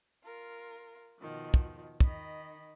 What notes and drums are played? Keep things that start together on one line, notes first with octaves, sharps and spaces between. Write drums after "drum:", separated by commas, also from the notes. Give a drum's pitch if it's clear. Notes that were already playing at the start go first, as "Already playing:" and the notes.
F4 A#4
B2 D#3 F3
drum: kick
D#3 D#5 B5, drum: kick